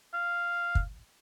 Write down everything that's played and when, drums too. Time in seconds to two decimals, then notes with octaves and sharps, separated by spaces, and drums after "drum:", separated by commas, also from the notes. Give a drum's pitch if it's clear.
0.13 F5
0.75 drum: kick